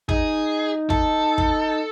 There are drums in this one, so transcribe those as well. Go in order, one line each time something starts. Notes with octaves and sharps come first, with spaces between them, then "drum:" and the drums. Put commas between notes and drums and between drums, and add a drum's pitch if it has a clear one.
D#4 G#4, drum: kick
A4, drum: kick
drum: kick